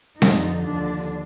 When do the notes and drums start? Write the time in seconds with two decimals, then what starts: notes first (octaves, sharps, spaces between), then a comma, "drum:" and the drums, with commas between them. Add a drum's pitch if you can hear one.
0.22 F2 D3 F3 D#4, drum: snare C4
0.65 D#2 D3 F3 D4